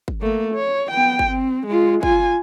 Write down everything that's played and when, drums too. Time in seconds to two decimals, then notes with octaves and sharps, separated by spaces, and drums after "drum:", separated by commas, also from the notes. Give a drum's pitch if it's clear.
0.08 drum: kick G1
0.21 A3 A#3
0.55 C#5
0.91 B3 G5
1.19 drum: kick G1
1.29 C4
1.66 G#3 F4
2.03 F4 G#5, drum: kick G1